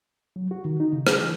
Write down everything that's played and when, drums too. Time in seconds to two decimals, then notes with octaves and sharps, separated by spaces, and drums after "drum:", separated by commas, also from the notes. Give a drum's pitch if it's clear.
0.36 F#3
0.51 F#4
0.65 D#3
0.80 D#4
0.93 C#3
1.07 G#4, drum: rim click
1.21 E3